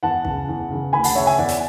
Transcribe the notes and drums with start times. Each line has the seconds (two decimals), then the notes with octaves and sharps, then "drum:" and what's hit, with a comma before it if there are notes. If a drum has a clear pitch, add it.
0.03 E2 F#5 A5
0.25 C#3 E3, drum: kick
0.48 E2
0.70 C#3 E3
0.93 D2 G#5 B5
1.04 F#5 A5, drum: open hi-hat
1.15 C#3 E3 C#5 E5
1.26 E5 G#5
1.38 E2 D5 F#5
1.49 drum: hi-hat